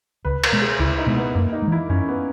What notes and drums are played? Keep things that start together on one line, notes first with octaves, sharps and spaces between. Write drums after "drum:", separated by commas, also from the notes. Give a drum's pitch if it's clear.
C#2 B4
A#4, drum: cymbal
B2 G#3
G#4
C#2 E4
D#4
B2 G#3
B3
F#2 A#3
D#4
G#3
E3 E4
F#2 C#4
B3